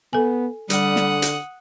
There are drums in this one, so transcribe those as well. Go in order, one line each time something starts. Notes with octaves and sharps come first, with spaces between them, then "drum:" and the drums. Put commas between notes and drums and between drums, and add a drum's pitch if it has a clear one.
B3 A4 G#5
D3 G3 F#5 D#6, drum: hi-hat
drum: snare
drum: hi-hat